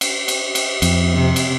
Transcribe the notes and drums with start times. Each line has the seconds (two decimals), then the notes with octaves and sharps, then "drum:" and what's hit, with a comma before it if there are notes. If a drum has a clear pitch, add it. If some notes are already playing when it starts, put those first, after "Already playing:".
0.01 drum: cymbal
0.28 drum: cymbal
0.55 drum: cymbal
0.82 F2, drum: cymbal
1.14 C3
1.36 drum: cymbal